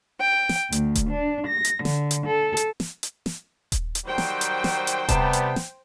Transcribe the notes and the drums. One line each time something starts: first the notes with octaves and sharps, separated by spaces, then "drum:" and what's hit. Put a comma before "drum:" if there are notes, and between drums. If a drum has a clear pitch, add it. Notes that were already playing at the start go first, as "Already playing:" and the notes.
G5
drum: snare
D2, drum: hi-hat
drum: kick D#1, hi-hat
D4
A#6
drum: hi-hat
D3, drum: snare
drum: hi-hat
A4
drum: hi-hat
drum: snare
drum: hi-hat
drum: snare
drum: kick D#1, hi-hat
drum: hi-hat
D#3 F#3 G3 C5 G5
drum: snare
drum: hi-hat
drum: snare
drum: hi-hat
C3 G3 B3 A5, drum: kick D#1, hi-hat
drum: hi-hat
drum: snare